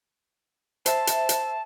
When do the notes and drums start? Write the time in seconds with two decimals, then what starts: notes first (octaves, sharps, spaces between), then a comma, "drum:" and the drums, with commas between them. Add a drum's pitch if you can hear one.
0.86 C5 E5 A5, drum: hi-hat
1.07 drum: hi-hat
1.29 drum: hi-hat